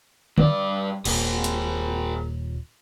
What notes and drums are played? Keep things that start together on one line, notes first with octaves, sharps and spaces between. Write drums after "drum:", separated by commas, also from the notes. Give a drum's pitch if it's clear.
G2 D5, drum: tom D3
D#1 A#2 G#4 A#4, drum: cymbal
drum: hi-hat